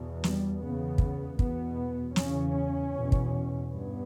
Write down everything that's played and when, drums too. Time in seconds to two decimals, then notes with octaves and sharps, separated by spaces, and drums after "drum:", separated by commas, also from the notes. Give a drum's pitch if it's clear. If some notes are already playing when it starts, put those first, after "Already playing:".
Already playing: E2 B2
0.24 G3, drum: snare
0.63 E2 C#3 B3
0.98 drum: kick
1.39 E2 B2 B3, drum: kick
2.16 E2 C#3 C#4, drum: snare
2.94 E2 B2
3.12 drum: kick
3.70 G2 B3